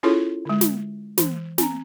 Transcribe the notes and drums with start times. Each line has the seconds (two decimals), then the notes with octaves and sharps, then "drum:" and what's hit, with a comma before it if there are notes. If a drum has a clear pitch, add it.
0.03 C#4 E4 F4 G#4 A4 C#5
0.45 D3 G#3
0.61 drum: snare
1.18 E3, drum: snare
1.58 C4 A#5, drum: snare